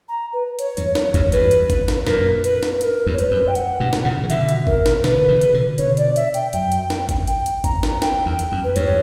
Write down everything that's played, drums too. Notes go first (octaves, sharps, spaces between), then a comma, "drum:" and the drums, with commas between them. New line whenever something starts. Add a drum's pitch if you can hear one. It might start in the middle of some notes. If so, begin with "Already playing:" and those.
A#5
B4
C#5, drum: hi-hat
E2 G2, drum: hi-hat
C#5, drum: snare
E2 G2, drum: kick G#1, hi-hat
E2 G2 B4, drum: hi-hat
drum: hi-hat
drum: kick G#1, hi-hat
drum: snare
F#2 A#2 A#4, drum: snare
B4, drum: hi-hat
drum: snare
A#4, drum: hi-hat
E2 G2
C#5
B4, drum: hi-hat
F#2
G5
F#5, drum: hi-hat
G2 B2
drum: snare
A#2 C#3
E3
B2 D3 E5, drum: hi-hat
drum: hi-hat
A#4, drum: kick G#1
drum: snare
B2 D3 B4, drum: snare
C#3 E3
drum: hi-hat
B2 D3
B2 D3 C#5, drum: hi-hat
D5, drum: hi-hat
E5, drum: hi-hat
G5, drum: hi-hat
F#2 G5, drum: hi-hat
drum: hi-hat
drum: snare
drum: kick G#1, hi-hat
G5, drum: hi-hat
drum: hi-hat
A#5, drum: kick G#1, hi-hat
drum: snare
G5, drum: snare
E2
drum: hi-hat
F#2
B4
E2 G2 C#5, drum: hi-hat